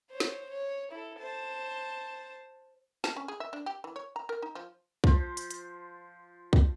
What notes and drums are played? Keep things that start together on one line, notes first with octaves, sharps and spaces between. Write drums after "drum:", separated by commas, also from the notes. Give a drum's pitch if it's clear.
C5 C#5
drum: snare
C#5
E4 A4
C5 A5
A5, drum: snare
C#4
G#4
E5
D4
G4
E3
C#5
A#5
A#4
D#4
F3
F3 C5, drum: kick
drum: hi-hat
drum: hi-hat
drum: kick